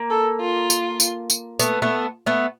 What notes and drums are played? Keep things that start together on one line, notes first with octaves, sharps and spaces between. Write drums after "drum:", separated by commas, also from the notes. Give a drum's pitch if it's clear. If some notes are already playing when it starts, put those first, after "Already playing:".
Already playing: A#3
A4
F4
drum: tambourine
drum: tambourine
drum: tambourine
A3 B3, drum: tambourine
A3 B3
A3 B3